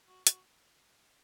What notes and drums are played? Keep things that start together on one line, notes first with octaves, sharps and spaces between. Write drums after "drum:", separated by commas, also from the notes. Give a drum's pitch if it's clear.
F#4
F#4, drum: hi-hat